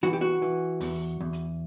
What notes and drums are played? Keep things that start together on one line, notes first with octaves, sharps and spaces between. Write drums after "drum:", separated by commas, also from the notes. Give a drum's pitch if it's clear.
E3 F#4, drum: hi-hat
G4
F#4
E3
E2, drum: open hi-hat
E2
drum: hi-hat